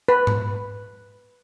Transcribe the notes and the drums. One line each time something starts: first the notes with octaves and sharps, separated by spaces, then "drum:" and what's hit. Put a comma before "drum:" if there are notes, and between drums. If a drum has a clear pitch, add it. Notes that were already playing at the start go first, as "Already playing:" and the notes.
B4
drum: tom G#2